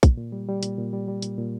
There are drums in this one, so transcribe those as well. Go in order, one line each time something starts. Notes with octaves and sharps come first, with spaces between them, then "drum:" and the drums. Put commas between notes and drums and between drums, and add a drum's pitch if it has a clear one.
A#2, drum: kick, hi-hat
A#2
G3
G3
A#2, drum: hi-hat
A#2
G3
G3
A#2, drum: hi-hat
A#2